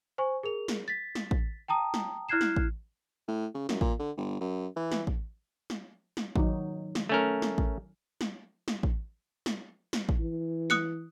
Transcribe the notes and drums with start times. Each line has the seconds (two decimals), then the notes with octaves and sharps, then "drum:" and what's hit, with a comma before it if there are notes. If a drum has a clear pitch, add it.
0.18 C5 G#5 C#6
0.43 G#4 A#4 F7
0.68 drum: snare
0.88 A6 B6
1.15 drum: snare
1.31 drum: kick A1
1.68 G5 A5 A#5 D#6
1.94 drum: snare
2.29 E4 F6 F#6 G#6 C7 E7
2.41 drum: snare
2.56 drum: kick A1
3.28 A2
3.54 C#3
3.69 F#2, drum: snare
3.81 A#2, drum: kick A1
3.99 D3
4.17 G1
4.40 F#2
4.76 E3
4.92 drum: snare
5.07 drum: kick A1
5.70 drum: snare
6.17 drum: snare
6.36 D#3 F#3 D#4, drum: kick A1
6.95 drum: snare
7.09 A3 C#4 A#4
7.42 drum: snare
7.58 drum: kick A1
8.21 drum: snare
8.68 drum: snare
8.83 drum: kick A1
9.46 drum: snare
9.93 drum: snare
10.09 drum: kick A1
10.20 E3
10.70 D#6 F#6 C#7, drum: snare